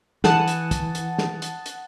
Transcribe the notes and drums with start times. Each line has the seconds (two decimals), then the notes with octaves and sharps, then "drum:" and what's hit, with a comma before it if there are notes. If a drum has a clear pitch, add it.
0.24 E3 F#5 A5 D#6, drum: snare
0.48 drum: hi-hat
0.71 drum: kick, hi-hat
0.95 drum: hi-hat
1.18 drum: snare
1.42 drum: hi-hat
1.66 drum: hi-hat